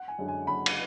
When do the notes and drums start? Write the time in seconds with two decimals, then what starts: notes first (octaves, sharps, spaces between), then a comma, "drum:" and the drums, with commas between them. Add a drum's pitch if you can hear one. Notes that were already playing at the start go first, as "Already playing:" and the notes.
Already playing: F#5
0.08 G#5
0.19 F#2 D3 G#3
0.28 G#5
0.47 F#1 B5
0.66 drum: cymbal